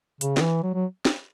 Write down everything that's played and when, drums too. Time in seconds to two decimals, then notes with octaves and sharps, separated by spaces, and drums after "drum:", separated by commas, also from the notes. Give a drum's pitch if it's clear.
0.21 C#3, drum: hi-hat
0.37 D3, drum: snare
0.41 E3
0.63 F#3
0.74 F#3
1.05 drum: snare